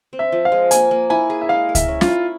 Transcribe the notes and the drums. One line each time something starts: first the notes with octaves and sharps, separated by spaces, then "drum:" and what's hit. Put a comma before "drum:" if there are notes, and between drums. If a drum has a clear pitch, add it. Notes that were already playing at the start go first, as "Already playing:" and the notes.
C4
E5
F3
F5
G#3
A#3 G#5, drum: hi-hat
A#3
E4 G#5
G#4
E5
G#3 F5
A#4
E5, drum: kick C#2, hi-hat
C#4
F4, drum: snare
E4